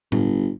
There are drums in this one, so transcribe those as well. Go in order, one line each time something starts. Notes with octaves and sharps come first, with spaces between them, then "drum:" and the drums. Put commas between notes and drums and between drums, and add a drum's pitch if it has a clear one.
G1, drum: tom A2